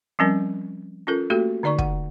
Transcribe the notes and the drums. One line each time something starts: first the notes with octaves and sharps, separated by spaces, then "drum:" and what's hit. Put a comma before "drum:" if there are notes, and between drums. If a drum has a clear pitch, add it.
F3 G3 C4 C#4 A#4
C#4 F4 A4 A#4
A3 A#3 F#4 G4 A4
D3 D#4 D5 A#5 C#6
F#5, drum: kick